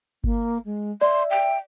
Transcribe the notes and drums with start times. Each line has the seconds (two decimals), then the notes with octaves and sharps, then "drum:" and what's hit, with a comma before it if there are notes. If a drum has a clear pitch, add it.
0.24 A#3, drum: kick G1
0.65 G#3
1.01 D5 E5 C6
1.30 G5